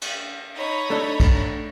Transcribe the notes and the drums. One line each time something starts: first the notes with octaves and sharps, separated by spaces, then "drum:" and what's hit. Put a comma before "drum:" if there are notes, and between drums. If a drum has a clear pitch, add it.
drum: cymbal
D#4 C#5 B5
A3 D4 A4
drum: kick B1, cymbal